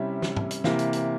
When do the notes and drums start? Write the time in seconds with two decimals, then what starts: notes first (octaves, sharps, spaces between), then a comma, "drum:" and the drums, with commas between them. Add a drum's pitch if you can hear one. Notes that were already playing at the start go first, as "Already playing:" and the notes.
Already playing: C3 G3 C#4 E4
0.22 drum: snare
0.37 drum: tom
0.51 drum: hi-hat
0.64 C3 E3 A#3, drum: snare
0.79 drum: hi-hat
0.93 drum: hi-hat